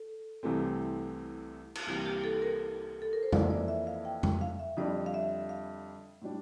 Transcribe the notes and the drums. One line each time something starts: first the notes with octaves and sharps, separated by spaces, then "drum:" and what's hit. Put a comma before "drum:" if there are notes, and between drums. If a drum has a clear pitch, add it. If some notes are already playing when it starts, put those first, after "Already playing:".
Already playing: A4
C2 C3 E3 A3 C4
drum: cymbal
C2 C3 E3 A#3 G4
G4
A4
A#4
A4
A#4
C5
F2 E3 A#3 E4 D5, drum: tom F2
D5
E5
F5
G5
G5, drum: tom F2
F5
E5
F2 D3 G3 D5
F5
E5
F5
A2 G3 D4